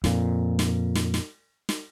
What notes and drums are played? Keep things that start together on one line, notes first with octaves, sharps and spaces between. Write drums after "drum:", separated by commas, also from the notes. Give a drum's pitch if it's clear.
F2 A#2, drum: snare
drum: snare
drum: snare
drum: snare
drum: snare